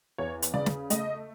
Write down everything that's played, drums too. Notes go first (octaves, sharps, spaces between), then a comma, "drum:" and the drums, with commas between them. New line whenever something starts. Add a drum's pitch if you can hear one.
E2 C#5
drum: hi-hat
C#3 D5
drum: snare
A3 D#5, drum: hi-hat